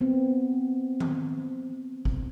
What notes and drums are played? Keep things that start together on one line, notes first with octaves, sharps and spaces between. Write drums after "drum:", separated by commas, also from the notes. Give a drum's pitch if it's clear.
B3 C4
drum: tom D#3
drum: kick